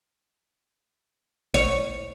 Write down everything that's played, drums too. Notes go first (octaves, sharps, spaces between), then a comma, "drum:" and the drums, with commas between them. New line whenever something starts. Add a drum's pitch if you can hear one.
C#5, drum: kick A1